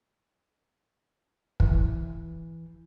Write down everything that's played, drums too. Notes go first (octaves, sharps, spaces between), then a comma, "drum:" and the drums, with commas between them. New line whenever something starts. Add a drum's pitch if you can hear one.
E3, drum: kick